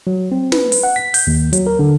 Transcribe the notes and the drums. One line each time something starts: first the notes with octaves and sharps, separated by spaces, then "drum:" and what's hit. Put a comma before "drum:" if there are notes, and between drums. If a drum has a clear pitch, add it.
F#3
C4
B4, drum: snare
drum: open hi-hat
F#5
B6
G6, drum: open hi-hat
D#2
F#3, drum: hi-hat
A#4
D3